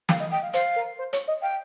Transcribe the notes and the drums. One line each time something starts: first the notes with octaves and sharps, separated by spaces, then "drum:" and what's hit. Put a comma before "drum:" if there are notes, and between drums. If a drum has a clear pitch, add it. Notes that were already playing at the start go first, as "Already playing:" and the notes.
F5 G5, drum: snare
D#5
D#5 G5
F5
C5 F5, drum: hi-hat
A#4
C5
C#5, drum: hi-hat
D#5
F5 G5